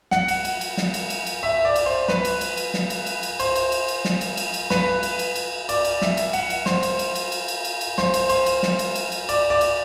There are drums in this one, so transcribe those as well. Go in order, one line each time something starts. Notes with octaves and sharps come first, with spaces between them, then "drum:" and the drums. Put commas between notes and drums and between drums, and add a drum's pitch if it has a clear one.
F#5, drum: snare
drum: cymbal
drum: cymbal
drum: cymbal
drum: snare
drum: cymbal
drum: cymbal
drum: cymbal
E5
D5
drum: cymbal
C5
B4, drum: snare
drum: cymbal
drum: cymbal
drum: cymbal
drum: snare
drum: cymbal
drum: cymbal
drum: cymbal
C5, drum: cymbal
drum: cymbal
drum: cymbal
drum: cymbal
drum: snare
drum: cymbal
drum: cymbal
drum: cymbal
B4, drum: snare
drum: cymbal
drum: cymbal
drum: cymbal
D5, drum: cymbal
drum: cymbal
E5, drum: snare
drum: cymbal
F#5, drum: cymbal
drum: cymbal
C5, drum: snare
drum: cymbal
drum: cymbal
drum: cymbal
drum: cymbal
drum: cymbal
drum: cymbal
drum: cymbal
C5, drum: snare
drum: cymbal
C5, drum: cymbal
drum: cymbal
drum: snare
drum: cymbal
drum: cymbal
drum: cymbal
D5, drum: cymbal
D5
drum: cymbal